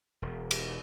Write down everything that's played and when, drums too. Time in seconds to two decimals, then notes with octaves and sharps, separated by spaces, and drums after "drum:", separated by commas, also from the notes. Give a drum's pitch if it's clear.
0.22 E1
0.51 drum: cymbal